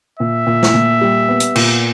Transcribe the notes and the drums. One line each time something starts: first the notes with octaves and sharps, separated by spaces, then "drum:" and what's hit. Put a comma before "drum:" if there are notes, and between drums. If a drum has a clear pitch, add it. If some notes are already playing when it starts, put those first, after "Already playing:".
A#2 E5
A#2
drum: snare
A#2
G3
B3
drum: hi-hat
A#2, drum: cymbal